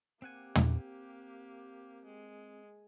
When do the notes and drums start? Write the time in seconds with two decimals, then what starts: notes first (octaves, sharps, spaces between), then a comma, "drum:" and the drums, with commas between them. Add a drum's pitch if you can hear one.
0.22 A#3 C4 G4 F#5 G#5
0.55 drum: tom
2.06 G#3